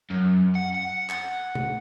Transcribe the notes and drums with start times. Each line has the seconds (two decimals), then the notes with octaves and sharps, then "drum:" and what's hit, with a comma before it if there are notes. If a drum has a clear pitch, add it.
0.10 F#2
0.55 F#5
0.74 F#5
1.10 drum: clap
1.55 drum: tom C3